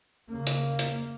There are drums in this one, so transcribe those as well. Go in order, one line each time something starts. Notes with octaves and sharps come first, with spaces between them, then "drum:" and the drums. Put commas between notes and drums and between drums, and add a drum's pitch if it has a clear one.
D#2 C#3 A#3
drum: hi-hat
drum: hi-hat